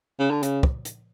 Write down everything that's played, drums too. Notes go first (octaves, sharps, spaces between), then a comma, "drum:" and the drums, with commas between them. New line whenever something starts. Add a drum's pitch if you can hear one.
C#3
D3
C#3, drum: hi-hat
drum: kick
drum: hi-hat